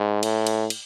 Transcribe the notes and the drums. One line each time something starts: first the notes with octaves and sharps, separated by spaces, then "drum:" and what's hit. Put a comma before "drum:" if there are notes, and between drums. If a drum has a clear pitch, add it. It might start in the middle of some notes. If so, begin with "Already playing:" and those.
Already playing: G#2
A2, drum: cymbal
drum: cymbal
drum: cymbal